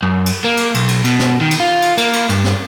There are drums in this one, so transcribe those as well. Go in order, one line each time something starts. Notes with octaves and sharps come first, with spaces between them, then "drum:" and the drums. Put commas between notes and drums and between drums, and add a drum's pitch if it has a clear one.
F#2
drum: cymbal
A#3
drum: cymbal
B1, drum: cymbal
drum: cymbal
B2, drum: cymbal
drum: snare
D#3
drum: cymbal
F4
drum: cymbal
A#3, drum: cymbal
drum: cymbal
G2, drum: cymbal
drum: snare